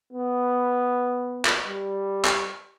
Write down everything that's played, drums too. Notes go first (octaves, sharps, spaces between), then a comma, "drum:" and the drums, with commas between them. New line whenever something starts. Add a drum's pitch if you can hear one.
B3
drum: clap
G3
drum: clap